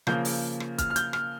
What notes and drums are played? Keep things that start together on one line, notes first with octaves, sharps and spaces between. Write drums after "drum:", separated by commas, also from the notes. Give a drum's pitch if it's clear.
C#3 F3 A#3 G6, drum: rim click
drum: open hi-hat
drum: rim click
F6, drum: kick, hi-hat
F6
G6, drum: hi-hat
F6, drum: rim click